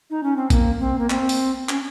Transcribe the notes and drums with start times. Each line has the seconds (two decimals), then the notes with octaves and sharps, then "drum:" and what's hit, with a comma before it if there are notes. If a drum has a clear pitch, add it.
0.10 D#4
0.23 C#4
0.36 C4
0.50 A#3, drum: kick A#1, hi-hat
0.80 C4
0.99 A#3
1.10 C4, drum: clap
1.29 drum: open hi-hat
1.69 C#4, drum: clap